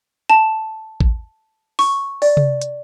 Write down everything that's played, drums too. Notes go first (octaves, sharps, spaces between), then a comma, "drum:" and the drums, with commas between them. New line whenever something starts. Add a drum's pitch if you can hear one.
A5
drum: kick A1
C#6, drum: open hi-hat
D5, drum: open hi-hat
drum: tom C3
drum: hi-hat